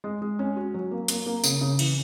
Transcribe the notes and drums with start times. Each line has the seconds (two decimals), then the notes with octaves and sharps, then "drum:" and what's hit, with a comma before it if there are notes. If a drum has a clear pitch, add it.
0.04 G#3
0.22 G#3
0.39 C#4
0.56 F#4
0.74 F#3
0.91 A#3
1.08 A#3, drum: hi-hat
1.26 A#3
1.44 C#3, drum: tambourine
1.61 C#3
1.79 E3, drum: cymbal